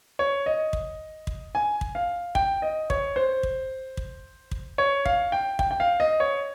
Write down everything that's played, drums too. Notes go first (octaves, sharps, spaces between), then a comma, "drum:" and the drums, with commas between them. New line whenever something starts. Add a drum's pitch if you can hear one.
C#5
D#5
drum: kick
drum: kick
G#5
drum: kick
F5
G5, drum: kick
D#5
C#5, drum: kick
C5
drum: kick
drum: kick
drum: kick
C#5
F5, drum: kick
G5
G5, drum: kick
G5
F5
D#5
C#5